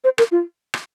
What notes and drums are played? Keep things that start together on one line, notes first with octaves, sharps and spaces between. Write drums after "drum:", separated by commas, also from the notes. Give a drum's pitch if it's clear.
C5
A#4, drum: rim click
F4
drum: rim click